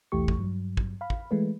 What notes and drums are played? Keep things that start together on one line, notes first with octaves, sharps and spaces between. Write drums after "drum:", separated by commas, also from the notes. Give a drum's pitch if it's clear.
B1 E2 E3 A3 G4 C#6
drum: kick
G2 F#3
drum: kick
F5 B5
drum: kick
E3 G#3 A3 B4